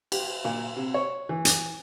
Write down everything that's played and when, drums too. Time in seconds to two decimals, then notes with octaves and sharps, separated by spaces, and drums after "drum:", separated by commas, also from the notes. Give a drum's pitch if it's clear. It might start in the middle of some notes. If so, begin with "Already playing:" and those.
0.12 G4, drum: cymbal
0.45 A#2
0.76 C3
0.94 C#5
1.29 E3
1.45 drum: hi-hat